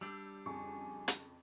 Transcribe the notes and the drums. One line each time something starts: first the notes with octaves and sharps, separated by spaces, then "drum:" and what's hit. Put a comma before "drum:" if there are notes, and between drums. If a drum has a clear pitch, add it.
G3 D4 E6 G6
F2 C#3 G#5 C#6
drum: hi-hat